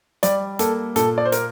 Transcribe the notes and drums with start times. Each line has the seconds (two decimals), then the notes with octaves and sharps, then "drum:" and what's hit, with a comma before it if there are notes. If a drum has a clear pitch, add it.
0.23 G3 D5, drum: hi-hat
0.59 A#3 A4, drum: hi-hat
0.96 A#2 A4, drum: hi-hat
1.18 D5
1.25 C5
1.32 A#4, drum: hi-hat